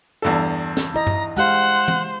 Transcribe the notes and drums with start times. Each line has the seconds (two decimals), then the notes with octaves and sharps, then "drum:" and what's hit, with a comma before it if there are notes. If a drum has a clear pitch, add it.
0.22 E2 G2 A4
0.77 drum: snare
0.94 E4 D#5 A#5
1.07 drum: tom G2
1.37 G#3 G4 C5 F5 F#5
1.88 drum: tom